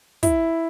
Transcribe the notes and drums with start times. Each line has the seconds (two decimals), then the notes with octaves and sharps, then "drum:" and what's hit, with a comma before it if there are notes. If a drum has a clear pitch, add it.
0.23 E4, drum: kick, hi-hat